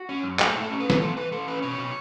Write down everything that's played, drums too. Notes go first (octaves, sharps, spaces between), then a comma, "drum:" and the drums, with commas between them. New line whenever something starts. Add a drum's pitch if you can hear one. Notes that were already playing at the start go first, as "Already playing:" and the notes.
Already playing: F#4
C#4
F#2
A2 A4, drum: clap
A2 A4
C#4
A2 B4
drum: snare
E3 A4
E3 B4
E3 A4
C#4 B4
B2 C#5
B2